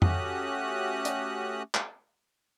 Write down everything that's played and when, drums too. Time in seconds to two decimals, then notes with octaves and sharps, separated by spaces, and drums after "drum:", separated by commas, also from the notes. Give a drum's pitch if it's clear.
0.02 A3 C#4 F#4 G4 D#6 F#6, drum: tom F2
1.05 drum: hi-hat
1.74 drum: clap